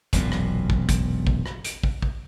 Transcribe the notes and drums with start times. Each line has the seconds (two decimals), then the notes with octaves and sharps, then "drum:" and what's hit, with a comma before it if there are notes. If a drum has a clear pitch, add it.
0.13 E1 B1 F#2 A#2, drum: kick, hi-hat
0.32 drum: rim click
0.70 drum: kick
0.89 drum: kick, hi-hat
1.27 drum: kick
1.46 drum: rim click
1.65 drum: hi-hat
1.83 drum: kick
2.02 drum: kick